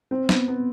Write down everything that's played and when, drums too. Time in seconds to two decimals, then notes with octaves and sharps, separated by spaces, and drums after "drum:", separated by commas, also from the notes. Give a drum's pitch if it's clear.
0.11 C4
0.29 B3, drum: snare
0.48 B3